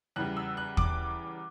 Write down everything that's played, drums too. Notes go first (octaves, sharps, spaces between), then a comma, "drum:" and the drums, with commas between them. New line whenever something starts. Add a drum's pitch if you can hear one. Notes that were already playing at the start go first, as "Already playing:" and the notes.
E2 C#3 E3 G3 F#6
E6
F#6
D6, drum: kick